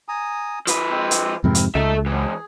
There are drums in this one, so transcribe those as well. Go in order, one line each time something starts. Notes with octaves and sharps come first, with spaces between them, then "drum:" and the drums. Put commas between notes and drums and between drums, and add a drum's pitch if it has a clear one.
G#5 A#5 D#6
F3 G4 B4 D#6, drum: hi-hat
G#3 C4 C5
drum: hi-hat
F2 G#2 C3 C4 E4 A#4
drum: hi-hat
C#2 D#4 A4 E5
E3 G#3 G#4